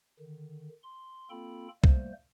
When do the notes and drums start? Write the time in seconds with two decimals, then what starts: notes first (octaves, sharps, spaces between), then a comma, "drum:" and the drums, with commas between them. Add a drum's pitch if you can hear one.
0.20 D3 D#3
0.84 C6
1.30 A#3 C4 F4 A4 G5 B5
1.84 G3 A3 A#3 C5, drum: kick C2